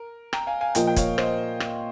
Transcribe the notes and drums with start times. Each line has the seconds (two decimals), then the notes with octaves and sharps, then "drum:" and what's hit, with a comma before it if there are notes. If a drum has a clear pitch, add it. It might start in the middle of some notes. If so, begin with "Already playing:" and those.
Already playing: A#4
0.33 G5 A#5, drum: rim click
0.47 F5 G#5
0.61 F5 G#5
0.75 A#2 F3 A#3 F4 D#5 G5, drum: hi-hat
0.87 G5
0.96 C#5 F5, drum: kick, hi-hat
1.18 C5 D#5, drum: rim click
1.60 drum: rim click